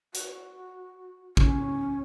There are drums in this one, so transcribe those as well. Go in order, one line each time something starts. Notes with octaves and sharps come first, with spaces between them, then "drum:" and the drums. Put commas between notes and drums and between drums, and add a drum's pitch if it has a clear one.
F#4, drum: hi-hat
C#4, drum: kick